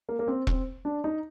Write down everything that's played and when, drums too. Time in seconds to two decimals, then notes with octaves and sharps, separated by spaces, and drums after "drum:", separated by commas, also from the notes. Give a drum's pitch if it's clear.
0.09 A#3
0.19 A#3
0.28 C4
0.47 C4, drum: kick E1
0.85 D4
1.04 D#4